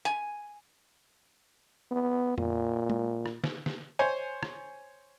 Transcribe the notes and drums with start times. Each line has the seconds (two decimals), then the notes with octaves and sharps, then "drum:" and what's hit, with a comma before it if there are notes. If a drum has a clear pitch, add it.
0.05 G#5, drum: hi-hat
1.91 B3
2.38 A#2, drum: tom F2
2.90 drum: tom G#3
3.26 drum: rim click
3.44 drum: snare
3.66 drum: snare
3.99 C5 C#5 G#5
4.43 drum: rim click